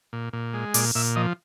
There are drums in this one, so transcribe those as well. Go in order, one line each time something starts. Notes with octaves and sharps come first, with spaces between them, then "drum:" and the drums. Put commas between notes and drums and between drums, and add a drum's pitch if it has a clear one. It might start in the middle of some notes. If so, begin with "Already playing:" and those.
A#2
A#2
G#3
A#2 D5, drum: open hi-hat
A#2 E5
F3 D#5